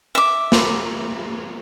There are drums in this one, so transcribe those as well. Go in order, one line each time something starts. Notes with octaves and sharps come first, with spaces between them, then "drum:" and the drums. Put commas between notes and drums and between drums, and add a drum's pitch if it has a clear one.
E5 D6
drum: snare